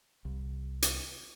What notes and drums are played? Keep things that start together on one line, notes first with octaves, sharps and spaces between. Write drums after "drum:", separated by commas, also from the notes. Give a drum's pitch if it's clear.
C2
drum: hi-hat